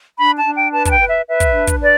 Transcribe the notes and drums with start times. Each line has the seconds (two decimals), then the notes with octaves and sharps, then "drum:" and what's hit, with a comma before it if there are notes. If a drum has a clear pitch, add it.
0.18 D4 B5
0.36 A5
0.45 D4
0.55 G5
0.72 B4 A5
0.85 A5, drum: kick, hi-hat
0.91 G5
1.00 B4
1.09 E5
1.27 B4 E5
1.40 drum: kick, hi-hat
1.53 D4
1.67 drum: kick, hi-hat
1.81 B4 D5